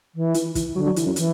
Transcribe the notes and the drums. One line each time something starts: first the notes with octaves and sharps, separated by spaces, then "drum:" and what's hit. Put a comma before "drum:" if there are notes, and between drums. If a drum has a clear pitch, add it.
E3
E3, drum: hi-hat
E3, drum: kick, hi-hat
D3 F#3
F#3
E3, drum: hi-hat
F#2
E3, drum: hi-hat